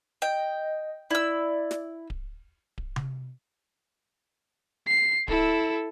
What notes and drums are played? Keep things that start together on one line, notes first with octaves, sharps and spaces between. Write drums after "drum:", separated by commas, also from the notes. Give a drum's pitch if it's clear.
D#5 G5
E4 D5 E6
drum: snare
drum: kick D1
drum: kick D1
drum: tom C3
C7
E4 A4, drum: kick D1